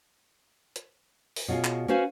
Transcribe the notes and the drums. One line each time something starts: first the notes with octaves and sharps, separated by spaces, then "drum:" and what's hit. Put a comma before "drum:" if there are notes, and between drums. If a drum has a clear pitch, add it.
drum: hi-hat
drum: open hi-hat
B2 C#4 F4 G#4
drum: clap
C#4 F#4 B4 C5 F5